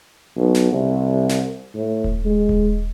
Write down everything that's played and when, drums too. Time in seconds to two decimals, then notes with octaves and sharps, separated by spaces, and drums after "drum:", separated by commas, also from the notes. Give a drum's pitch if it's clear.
0.36 B1
0.55 drum: snare
0.72 C2
1.30 drum: snare
1.74 A2
2.04 drum: kick D#1
2.25 G#3
2.49 drum: kick D#1